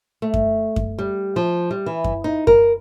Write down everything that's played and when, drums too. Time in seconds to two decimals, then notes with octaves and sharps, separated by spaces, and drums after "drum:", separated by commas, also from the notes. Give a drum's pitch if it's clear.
0.22 A3
0.34 drum: kick F#2
0.76 drum: kick F#2
0.99 G3
1.36 F3
1.71 G3
1.86 E3
2.04 drum: kick F#2
2.24 D#4
2.47 A#4, drum: kick F#2